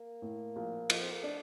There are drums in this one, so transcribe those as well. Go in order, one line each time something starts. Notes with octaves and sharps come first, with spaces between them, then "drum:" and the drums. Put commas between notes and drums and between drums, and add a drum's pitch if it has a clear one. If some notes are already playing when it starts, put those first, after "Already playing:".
Already playing: A#3
A2
A#1
F3, drum: cymbal
C4
A#3
A3 D4